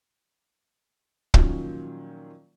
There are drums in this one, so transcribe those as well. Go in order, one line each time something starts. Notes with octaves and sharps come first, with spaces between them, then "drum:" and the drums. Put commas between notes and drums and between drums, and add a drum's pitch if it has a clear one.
A#2 D#3 F3 F#3 C#4, drum: kick